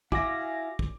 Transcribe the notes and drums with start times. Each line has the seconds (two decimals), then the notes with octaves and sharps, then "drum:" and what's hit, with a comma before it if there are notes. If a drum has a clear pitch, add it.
0.12 E4 F#4 E5 F5 G#5 D6 A#6, drum: kick
0.79 drum: kick